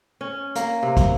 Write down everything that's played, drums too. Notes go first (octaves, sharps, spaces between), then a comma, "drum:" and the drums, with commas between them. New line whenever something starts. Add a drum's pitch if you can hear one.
C#4
A#3, drum: hi-hat
C3
drum: kick, hi-hat